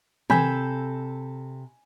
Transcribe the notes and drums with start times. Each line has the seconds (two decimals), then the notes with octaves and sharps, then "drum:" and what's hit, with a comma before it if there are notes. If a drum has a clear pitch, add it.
0.30 C3 A4 G#5 B5 G6, drum: tom D#3